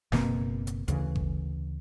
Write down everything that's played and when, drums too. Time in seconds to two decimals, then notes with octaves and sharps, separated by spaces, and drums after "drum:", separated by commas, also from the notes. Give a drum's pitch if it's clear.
0.12 F#1 B2 A#3 C4, drum: snare
0.67 drum: hi-hat
0.88 D2 C#3 E3, drum: hi-hat
1.15 drum: kick G1